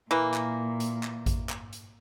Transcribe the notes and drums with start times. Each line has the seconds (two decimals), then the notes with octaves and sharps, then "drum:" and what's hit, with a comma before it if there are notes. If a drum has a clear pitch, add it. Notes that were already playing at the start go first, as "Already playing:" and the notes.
0.11 A#2 E3 A#3
0.34 drum: clap
0.80 drum: hi-hat
1.03 drum: clap
1.26 drum: kick A1, hi-hat
1.49 drum: clap
1.73 drum: hi-hat